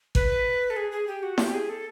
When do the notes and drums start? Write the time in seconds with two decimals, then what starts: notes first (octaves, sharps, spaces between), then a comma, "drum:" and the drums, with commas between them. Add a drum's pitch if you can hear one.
0.15 B4, drum: kick
0.70 A4
0.76 G#4
0.92 G#4
1.07 G4
1.23 F#4
1.38 G4, drum: snare E4
1.54 G#4
1.69 A4